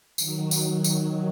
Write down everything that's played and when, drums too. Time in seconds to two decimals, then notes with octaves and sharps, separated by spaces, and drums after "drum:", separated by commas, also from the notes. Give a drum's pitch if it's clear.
0.18 D#3 F#3, drum: tambourine
0.51 drum: tambourine
0.84 drum: tambourine